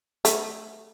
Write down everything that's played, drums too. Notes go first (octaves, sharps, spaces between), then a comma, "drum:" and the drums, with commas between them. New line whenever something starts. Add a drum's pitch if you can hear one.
A3, drum: hi-hat